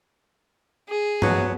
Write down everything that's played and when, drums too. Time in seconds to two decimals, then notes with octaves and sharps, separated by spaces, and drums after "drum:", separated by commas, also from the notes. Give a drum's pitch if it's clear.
0.89 G#4
1.22 F#3 B3, drum: tom